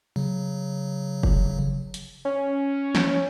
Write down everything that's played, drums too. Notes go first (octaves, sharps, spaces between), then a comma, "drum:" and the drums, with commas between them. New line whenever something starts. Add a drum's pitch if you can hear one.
C#3 F#3
drum: kick
drum: hi-hat
C#4
drum: snare